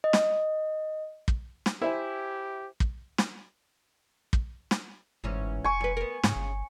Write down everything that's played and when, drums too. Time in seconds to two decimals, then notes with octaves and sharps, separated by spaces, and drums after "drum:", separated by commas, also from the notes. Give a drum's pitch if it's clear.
0.04 D#5
0.13 drum: snare
1.28 drum: kick
1.66 drum: snare
1.81 E4 G4 C5 E5 G#5
2.80 drum: kick
3.18 drum: snare
4.33 drum: kick
4.71 drum: snare
5.24 G1 G#2 E3 C#4
5.64 F1 G#5 C#6
5.80 F#2 B4
5.97 B3 A#4
6.24 G#2 C#3, drum: snare
6.36 G1